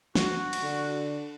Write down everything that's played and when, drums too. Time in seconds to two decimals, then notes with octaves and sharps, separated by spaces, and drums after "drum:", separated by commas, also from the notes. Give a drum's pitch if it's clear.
0.15 F#4, drum: snare
0.53 drum: cymbal
0.63 D3